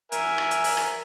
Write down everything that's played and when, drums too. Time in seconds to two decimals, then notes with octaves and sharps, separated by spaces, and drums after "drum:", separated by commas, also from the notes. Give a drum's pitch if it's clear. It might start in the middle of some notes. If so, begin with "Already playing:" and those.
0.12 A#4 E5 G#5, drum: hi-hat
0.38 drum: rim click
0.51 drum: hi-hat
0.64 drum: open hi-hat
0.77 drum: rim click